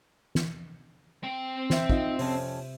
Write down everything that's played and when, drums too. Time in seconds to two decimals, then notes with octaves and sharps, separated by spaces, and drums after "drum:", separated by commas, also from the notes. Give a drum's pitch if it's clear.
0.35 drum: snare
1.23 C4 G5
1.70 C5 E5, drum: snare
1.89 D#4 F4, drum: kick
2.19 F2 C3 C#4, drum: open hi-hat